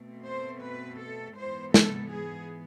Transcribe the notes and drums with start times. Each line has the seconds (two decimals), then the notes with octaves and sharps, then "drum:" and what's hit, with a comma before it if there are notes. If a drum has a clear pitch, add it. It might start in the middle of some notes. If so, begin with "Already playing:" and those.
Already playing: B2 A3 C4
0.25 C5
0.63 B4
1.00 A4
1.38 G#2 E3 B3 C5
1.74 A4, drum: snare
2.12 G#4